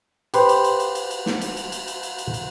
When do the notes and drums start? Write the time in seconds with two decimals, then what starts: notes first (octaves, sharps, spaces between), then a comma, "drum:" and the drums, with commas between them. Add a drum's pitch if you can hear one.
0.34 G4 B4 C5, drum: cymbal
0.49 drum: cymbal
0.64 drum: cymbal
0.80 drum: cymbal
0.95 drum: cymbal
1.11 drum: cymbal
1.26 drum: snare
1.41 drum: cymbal
1.57 drum: cymbal
1.72 drum: cymbal
1.88 drum: cymbal
2.03 drum: cymbal
2.18 drum: cymbal
2.34 drum: cymbal